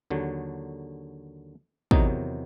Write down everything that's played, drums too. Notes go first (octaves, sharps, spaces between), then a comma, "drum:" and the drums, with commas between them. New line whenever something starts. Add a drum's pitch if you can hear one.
D#2 D3 F#3
E2 C3 D#3 F#3 D#4, drum: kick